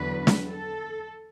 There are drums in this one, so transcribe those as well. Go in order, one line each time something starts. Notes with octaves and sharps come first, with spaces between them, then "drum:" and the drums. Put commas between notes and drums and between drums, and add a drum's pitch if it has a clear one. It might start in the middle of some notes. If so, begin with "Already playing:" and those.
Already playing: E2 D3 F#3 B4
drum: snare
A4